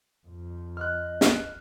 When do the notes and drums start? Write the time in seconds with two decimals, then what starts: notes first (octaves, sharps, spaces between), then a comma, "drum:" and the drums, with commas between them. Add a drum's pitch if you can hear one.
0.27 F2
0.77 D#5 F6 F#6
1.21 drum: snare